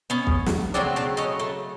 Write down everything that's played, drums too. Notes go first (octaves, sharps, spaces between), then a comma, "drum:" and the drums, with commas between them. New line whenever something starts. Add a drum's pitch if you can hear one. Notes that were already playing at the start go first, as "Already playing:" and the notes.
B3 C#4
drum: kick
drum: snare
C#3 F#3 A3 C4 D4
C4 D4
C#4 D#4
A3